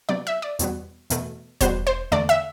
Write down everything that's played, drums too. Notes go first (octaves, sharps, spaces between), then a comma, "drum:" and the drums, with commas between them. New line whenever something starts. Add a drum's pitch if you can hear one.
C3 F#3 B3 D5
E5
D5
E2 B2 G3 B3, drum: hi-hat
E2 B2 A3, drum: hi-hat
E2 B2 G3 B3 C5, drum: kick E1, hi-hat
C5
E2 D3 A3 D5
E5